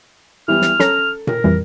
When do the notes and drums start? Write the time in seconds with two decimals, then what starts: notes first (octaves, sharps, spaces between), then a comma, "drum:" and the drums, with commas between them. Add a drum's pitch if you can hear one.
0.48 E3 G3 B3 F6
0.62 drum: snare
0.80 C#4 A4 A#5, drum: snare
1.27 A#4, drum: tom A#2
1.44 F2 E3 G3